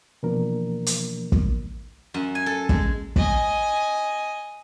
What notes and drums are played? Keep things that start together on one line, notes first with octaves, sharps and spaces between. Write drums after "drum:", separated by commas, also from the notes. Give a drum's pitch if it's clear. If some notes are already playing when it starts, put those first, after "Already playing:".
B2 E3 F3 A#3 D4 A#4
drum: hi-hat
drum: kick
F#2
G#5
A4
G#3, drum: kick
D#5 G#5, drum: kick